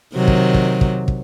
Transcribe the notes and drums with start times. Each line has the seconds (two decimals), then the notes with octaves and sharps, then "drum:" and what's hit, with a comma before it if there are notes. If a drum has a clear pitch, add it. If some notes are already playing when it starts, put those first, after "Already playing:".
0.14 C3 D#3 F#3
0.28 drum: kick
0.54 drum: kick
0.81 drum: kick
1.08 drum: kick